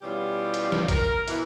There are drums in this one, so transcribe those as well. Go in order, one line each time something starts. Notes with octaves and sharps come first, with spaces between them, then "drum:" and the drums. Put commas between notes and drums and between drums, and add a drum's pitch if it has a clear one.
E2 B2 G3 C#4 F4 G4
drum: hi-hat
drum: snare
A#4, drum: kick, hi-hat
B2 E3 E4, drum: hi-hat